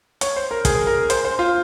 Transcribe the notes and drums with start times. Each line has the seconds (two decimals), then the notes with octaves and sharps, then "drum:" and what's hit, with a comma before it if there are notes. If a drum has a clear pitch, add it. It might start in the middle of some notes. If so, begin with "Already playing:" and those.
0.21 C#5, drum: hi-hat
0.36 C5
0.51 A#4
0.65 G#4, drum: kick, hi-hat
0.87 A#4
1.10 C5, drum: hi-hat
1.25 C5
1.39 F4